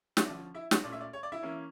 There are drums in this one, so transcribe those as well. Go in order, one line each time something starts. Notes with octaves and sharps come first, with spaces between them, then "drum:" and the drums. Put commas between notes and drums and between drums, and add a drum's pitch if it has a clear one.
E5, drum: snare
D3 F3 C#4 D5
E4 E5
drum: snare
A#2 A3 C#4 D5
E5
D5
C#5
D5
E4 E5
E3 A#3 C#4